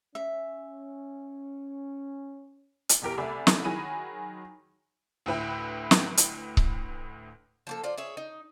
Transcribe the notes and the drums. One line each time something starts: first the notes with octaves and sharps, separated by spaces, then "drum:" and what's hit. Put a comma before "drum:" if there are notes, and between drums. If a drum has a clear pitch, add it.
C#4 E5
drum: hi-hat
B1 E2 G4 A#4
C2 A3 D5 E5 G#5 B5
drum: snare
D#3 F#3 G#4 B5 D#7
D2 A2 E4 B4 E5 G5
drum: snare
drum: hi-hat
drum: kick C#1
F3 A#3 A4
F4 C5 D5
G#4 C#5 E5
D#4